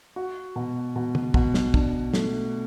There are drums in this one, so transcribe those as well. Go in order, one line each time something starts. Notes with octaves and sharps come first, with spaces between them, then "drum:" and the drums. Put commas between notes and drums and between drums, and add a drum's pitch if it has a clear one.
F#4
B2
B2
drum: tom
B2, drum: kick
drum: snare
D4, drum: kick
A3, drum: snare